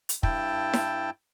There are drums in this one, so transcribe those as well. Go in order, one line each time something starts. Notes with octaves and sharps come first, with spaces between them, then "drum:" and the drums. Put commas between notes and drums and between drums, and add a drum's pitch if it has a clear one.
drum: hi-hat
G2 E4 G5 A5, drum: kick
drum: snare E4